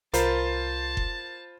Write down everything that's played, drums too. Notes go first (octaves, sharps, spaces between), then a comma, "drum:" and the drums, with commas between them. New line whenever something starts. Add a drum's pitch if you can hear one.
C2 F4 A#4 C5 A5 B5, drum: hi-hat
drum: kick F1